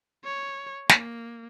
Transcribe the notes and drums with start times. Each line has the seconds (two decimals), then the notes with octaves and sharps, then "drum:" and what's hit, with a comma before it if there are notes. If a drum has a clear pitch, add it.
0.25 C#5
0.89 A#3, drum: snare